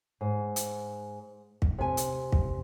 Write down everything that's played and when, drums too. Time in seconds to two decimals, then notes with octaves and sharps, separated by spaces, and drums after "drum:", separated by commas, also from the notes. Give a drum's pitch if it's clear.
0.21 G#2
0.56 drum: hi-hat
1.62 drum: kick
1.78 C3 G#5
1.97 drum: hi-hat
2.32 drum: kick